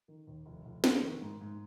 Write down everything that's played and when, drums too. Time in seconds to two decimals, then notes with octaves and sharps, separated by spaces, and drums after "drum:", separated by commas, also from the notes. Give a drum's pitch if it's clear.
0.08 D#3
0.27 D#2
0.46 F1
0.65 F1
0.84 A#3, drum: snare
1.03 D#3
1.22 G#2
1.41 G#2